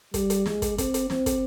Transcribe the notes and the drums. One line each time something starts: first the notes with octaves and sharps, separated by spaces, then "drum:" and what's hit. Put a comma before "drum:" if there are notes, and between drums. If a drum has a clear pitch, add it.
G3, drum: kick, hi-hat
drum: hi-hat
G#3, drum: snare
drum: kick, hi-hat
C4, drum: kick, hi-hat
drum: hi-hat
C4, drum: snare
drum: kick, hi-hat